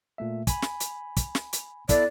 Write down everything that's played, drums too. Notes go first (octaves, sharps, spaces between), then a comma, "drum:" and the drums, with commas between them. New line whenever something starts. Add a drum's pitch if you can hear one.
A#2 A3 E5
G#5 B5, drum: kick, hi-hat
drum: snare
drum: hi-hat
drum: kick, hi-hat
drum: snare
drum: hi-hat
B3 E4 A4 D5, drum: kick, hi-hat